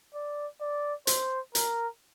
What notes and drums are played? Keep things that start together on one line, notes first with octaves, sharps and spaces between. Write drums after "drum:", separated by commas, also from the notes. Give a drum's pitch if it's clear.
D5
D5
C5, drum: hi-hat
A#4, drum: hi-hat